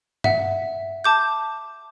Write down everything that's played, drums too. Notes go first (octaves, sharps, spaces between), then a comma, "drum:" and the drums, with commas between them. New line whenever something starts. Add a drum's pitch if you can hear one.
E5 F#5, drum: tom G2
A5 D6 G6